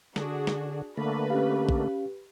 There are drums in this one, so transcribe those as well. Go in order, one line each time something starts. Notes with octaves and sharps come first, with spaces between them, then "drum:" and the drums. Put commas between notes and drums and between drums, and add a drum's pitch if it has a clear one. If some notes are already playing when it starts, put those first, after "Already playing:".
D3 D4 F#4 G#4, drum: snare
drum: snare
D3 A3 A#3 B4
C#4 G4 F5
drum: kick